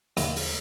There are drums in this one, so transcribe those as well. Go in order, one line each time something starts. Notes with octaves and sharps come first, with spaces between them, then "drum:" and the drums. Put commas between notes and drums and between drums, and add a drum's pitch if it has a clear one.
D#2, drum: hi-hat
drum: open hi-hat